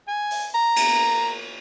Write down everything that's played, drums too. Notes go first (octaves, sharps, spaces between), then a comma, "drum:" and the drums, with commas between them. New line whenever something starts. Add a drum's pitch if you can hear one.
G#5
drum: open hi-hat
A#5
drum: cymbal